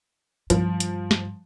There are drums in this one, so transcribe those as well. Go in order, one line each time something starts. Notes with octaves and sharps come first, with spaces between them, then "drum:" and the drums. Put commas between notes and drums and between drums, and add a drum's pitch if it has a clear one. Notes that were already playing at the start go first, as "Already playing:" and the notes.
G2 F3, drum: hi-hat
drum: hi-hat
drum: snare